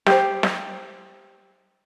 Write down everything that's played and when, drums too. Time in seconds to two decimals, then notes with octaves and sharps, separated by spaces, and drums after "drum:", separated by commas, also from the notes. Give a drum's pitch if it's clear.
0.06 G4 C5, drum: snare
0.43 drum: snare